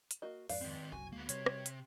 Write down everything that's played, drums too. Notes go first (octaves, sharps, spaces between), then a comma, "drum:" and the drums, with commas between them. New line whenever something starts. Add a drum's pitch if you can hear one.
drum: hi-hat
A#3 F#4 D#5
F2 G#2 B4 D5 F5, drum: open hi-hat
D#3 C4
F#1 C2 F#2 F#4 G#5
D2 G#3 A#3 B3
C3 G3 C#5, drum: hi-hat
drum: rim click
drum: hi-hat